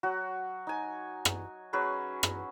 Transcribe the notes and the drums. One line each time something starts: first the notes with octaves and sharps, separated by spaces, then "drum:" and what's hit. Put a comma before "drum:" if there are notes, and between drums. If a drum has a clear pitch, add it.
F#3 F#4
D#4 G#5
drum: rim click
F#3 C#4 G#4 B4
drum: rim click